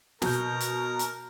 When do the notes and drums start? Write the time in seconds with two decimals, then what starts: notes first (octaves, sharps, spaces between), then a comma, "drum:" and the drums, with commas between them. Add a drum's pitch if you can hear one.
0.22 B2 A#4 A#5 G6, drum: snare
0.60 drum: hi-hat
0.99 drum: hi-hat